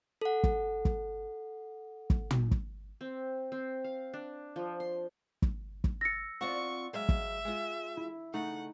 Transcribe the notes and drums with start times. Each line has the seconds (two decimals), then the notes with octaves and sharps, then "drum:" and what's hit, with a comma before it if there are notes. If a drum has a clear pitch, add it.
0.21 A4 F#5
0.44 drum: kick
0.85 drum: kick
2.10 drum: kick
2.31 drum: tom
2.51 drum: kick
3.01 C4
3.52 C4
3.84 F5
4.14 D4
4.56 F3
4.80 C6
5.42 drum: kick
5.84 drum: kick
6.01 E6 A6 A#6 C#7
6.41 C4 F4 D5 F#5 C#6
6.93 F#3 G#3 E5 F5
7.09 drum: kick
7.45 G#3 F4
7.97 E4
8.34 C#3 A3 D#4 F#5